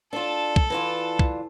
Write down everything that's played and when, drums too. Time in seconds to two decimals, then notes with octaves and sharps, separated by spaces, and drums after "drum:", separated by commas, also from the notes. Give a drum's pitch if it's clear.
0.13 D4 F4 A4 A5
0.56 drum: kick
0.70 E3 D4 F4
1.19 drum: kick